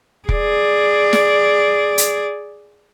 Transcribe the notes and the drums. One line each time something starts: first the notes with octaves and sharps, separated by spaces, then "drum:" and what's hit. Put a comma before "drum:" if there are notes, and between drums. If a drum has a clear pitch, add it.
G#4 D5, drum: kick
drum: snare
drum: hi-hat